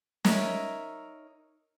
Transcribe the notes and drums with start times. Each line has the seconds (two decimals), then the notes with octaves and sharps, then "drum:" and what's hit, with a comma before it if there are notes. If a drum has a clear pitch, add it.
0.25 D#4 A#4 C#5 E5, drum: snare